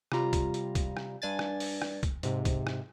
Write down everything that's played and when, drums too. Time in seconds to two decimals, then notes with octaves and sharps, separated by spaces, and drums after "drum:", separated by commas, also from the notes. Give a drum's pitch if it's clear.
0.12 C3 G3 F4 A#5, drum: rim click
0.33 drum: kick, hi-hat
0.54 drum: hi-hat
0.75 drum: kick, hi-hat
0.97 drum: rim click
1.22 G2 D4 G#5 A6
1.39 drum: rim click
1.60 drum: open hi-hat
1.82 drum: rim click
2.03 drum: kick, hi-hat
2.23 G#2 C3, drum: hi-hat
2.45 drum: kick, hi-hat
2.67 drum: rim click